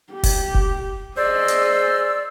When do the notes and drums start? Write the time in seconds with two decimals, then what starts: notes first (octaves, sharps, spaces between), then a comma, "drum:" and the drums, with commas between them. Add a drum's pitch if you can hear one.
0.13 G4
0.24 drum: kick F1, open hi-hat
0.55 drum: kick F1
1.17 G#4 C5 D5 D#5 E6
1.48 drum: hi-hat